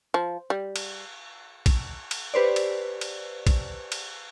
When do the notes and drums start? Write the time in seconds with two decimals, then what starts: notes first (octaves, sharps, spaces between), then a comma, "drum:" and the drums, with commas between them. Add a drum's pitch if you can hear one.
0.14 F3
0.50 G3
0.76 drum: cymbal
1.66 drum: kick, cymbal
2.11 drum: cymbal
2.34 G4 B4 C5 D5
2.56 drum: cymbal
3.01 drum: cymbal
3.47 drum: kick, cymbal
3.92 drum: cymbal